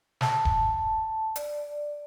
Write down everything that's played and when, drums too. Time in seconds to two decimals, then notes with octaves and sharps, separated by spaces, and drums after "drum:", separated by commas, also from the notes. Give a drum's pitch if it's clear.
0.21 A5, drum: snare
0.45 drum: kick D#1
1.36 D5, drum: hi-hat